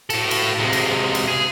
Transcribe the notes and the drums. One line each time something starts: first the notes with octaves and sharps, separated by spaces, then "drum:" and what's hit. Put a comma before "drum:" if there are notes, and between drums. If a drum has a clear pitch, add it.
A2 A4, drum: cymbal
drum: cymbal
C3 G#3
drum: cymbal
drum: cymbal
G#4